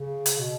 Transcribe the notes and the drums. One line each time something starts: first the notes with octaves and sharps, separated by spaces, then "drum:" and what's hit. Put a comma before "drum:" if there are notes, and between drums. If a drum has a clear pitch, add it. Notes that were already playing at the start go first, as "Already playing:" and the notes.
Already playing: C#3
drum: hi-hat
B2